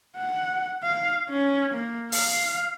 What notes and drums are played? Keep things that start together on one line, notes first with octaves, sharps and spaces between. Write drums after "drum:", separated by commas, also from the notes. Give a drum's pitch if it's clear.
F#5
F5
C#4
A#3
F5, drum: open hi-hat